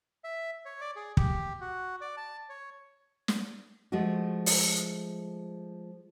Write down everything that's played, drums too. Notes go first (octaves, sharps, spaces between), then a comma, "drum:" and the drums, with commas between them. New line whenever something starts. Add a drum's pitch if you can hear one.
E5
C#5
D5
G#4
G4, drum: kick
F#4
D5
A5
C#5
drum: snare
F3 G#3 A3 F#4
drum: open hi-hat